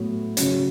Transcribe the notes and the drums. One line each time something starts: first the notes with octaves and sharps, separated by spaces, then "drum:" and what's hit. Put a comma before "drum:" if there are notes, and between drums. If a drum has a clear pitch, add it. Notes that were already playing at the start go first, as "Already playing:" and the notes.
Already playing: A2 F#3 B3
C#3 F#3 C#4, drum: hi-hat